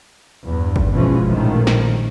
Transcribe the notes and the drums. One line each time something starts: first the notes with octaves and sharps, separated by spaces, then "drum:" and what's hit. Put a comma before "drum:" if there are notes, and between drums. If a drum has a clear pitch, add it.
E2 G2
drum: kick
B2 E3 F3 G#3 C#4
A#1 A2 D#3 F3 A3
drum: snare